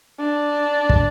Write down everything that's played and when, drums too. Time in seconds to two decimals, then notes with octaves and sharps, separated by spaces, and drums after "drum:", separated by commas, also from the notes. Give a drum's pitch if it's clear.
0.20 D4
0.89 drum: kick